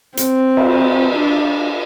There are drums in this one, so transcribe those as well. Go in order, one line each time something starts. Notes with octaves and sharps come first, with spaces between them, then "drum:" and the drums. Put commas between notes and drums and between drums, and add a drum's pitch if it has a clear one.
C4, drum: hi-hat
drum: cymbal
D4